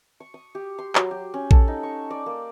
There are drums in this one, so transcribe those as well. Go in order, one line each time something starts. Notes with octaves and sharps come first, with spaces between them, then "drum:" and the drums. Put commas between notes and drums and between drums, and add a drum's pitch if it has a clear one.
C#6
D#6
G4
C6
F#3, drum: clap
G4
C#4
A4, drum: kick A#1
D#4
C#6
D5
A#3